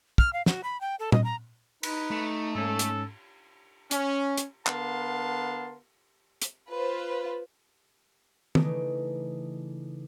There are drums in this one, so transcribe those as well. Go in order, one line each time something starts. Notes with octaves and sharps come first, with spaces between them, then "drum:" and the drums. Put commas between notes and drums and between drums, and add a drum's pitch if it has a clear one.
F6, drum: kick
F5
F#4, drum: snare
B5
G5
A4
D#5, drum: tom
A#5
D#4 B4, drum: cymbal
A3
G#2 C#4 A4
drum: hi-hat
C#4, drum: hi-hat
drum: hi-hat
D3 B3 A#4 F5 A5 C6, drum: clap
drum: hi-hat
F4 B4 C5
C#3 E3 A3 D4 D#4, drum: tom